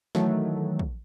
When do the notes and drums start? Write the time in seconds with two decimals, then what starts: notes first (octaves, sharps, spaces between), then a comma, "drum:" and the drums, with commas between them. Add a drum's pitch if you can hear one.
0.15 D#3 E3 F#3 A3, drum: snare
0.79 drum: kick